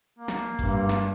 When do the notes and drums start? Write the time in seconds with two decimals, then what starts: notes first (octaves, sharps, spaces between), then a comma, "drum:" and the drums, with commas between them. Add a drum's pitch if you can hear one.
0.19 A#3
0.28 drum: snare
0.59 G2, drum: kick G1, hi-hat
0.89 drum: snare